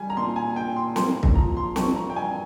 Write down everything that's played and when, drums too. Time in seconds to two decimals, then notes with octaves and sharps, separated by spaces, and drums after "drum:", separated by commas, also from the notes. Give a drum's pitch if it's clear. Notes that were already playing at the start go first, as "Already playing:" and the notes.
Already playing: G3 G#5
0.10 A#5
0.17 A#2 C6
0.36 G#5
0.56 A#2 G5
0.76 C6
0.96 A#3 C6, drum: snare
1.23 drum: kick
1.35 F3 A#5
1.57 C6
1.76 G2 C#6, drum: snare
1.96 A#5
2.10 G5
2.16 G2 G#5